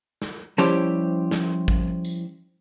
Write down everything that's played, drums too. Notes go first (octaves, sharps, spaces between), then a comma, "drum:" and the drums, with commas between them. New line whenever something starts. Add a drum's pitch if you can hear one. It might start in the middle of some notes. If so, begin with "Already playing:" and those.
drum: snare
F3 G3 C#4 E4 G4 C5, drum: tambourine
drum: snare
drum: kick
drum: tambourine